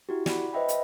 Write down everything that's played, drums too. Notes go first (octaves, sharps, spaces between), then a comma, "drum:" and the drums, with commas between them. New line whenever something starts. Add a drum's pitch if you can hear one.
E4 F#4 G4
D5 F#5 B5, drum: snare
B4 C5 D#5 E5 G5 B5
drum: hi-hat